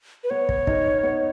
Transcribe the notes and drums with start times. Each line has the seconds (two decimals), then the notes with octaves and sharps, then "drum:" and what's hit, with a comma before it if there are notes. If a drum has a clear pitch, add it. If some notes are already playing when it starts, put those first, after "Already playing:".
0.24 B4
0.30 B3 C#5
0.49 drum: kick
0.67 D#4 A#4, drum: kick
1.03 B3